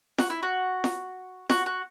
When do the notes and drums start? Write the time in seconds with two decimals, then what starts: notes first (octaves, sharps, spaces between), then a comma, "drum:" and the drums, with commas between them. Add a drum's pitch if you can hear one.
0.18 F#4, drum: snare
0.30 E4
0.43 F#4
0.84 drum: snare
1.50 F#4, drum: snare
1.66 F#4